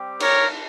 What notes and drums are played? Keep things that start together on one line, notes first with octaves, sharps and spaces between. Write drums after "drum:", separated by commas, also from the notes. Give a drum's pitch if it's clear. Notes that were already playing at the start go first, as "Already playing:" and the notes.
Already playing: G3 C4 G4
A#4 C#5, drum: cymbal